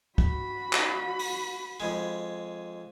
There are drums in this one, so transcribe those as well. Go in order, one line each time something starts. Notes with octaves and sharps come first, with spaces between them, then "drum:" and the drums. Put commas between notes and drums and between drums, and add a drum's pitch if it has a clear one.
F#4 B5, drum: kick
drum: clap
drum: open hi-hat
F2 G#3